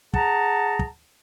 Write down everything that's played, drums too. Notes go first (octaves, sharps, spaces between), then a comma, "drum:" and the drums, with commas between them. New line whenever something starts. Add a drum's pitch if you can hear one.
G#4 F#5 A5 A#5, drum: kick
drum: kick